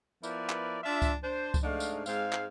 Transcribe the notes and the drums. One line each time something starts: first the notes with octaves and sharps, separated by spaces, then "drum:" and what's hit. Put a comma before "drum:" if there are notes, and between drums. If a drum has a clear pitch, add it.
F3 B3 E4 A#4 B4 D5, drum: tambourine
drum: clap
D4 F4 E5
drum: kick C#2, tambourine
D4 C5
drum: kick C#2, tambourine
G#2 A3 D4 D#4 F5
drum: tambourine
G#2 G#3 C4 F5, drum: tambourine
drum: clap